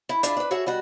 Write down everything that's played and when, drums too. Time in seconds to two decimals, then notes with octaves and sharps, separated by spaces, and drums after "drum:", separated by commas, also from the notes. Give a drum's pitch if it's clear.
0.09 E4
0.23 D4 E4 F4 G#4, drum: hi-hat
0.37 D4 B4
0.51 F#4 G#4 A4 C#5 E5
0.66 B2 G3 F#4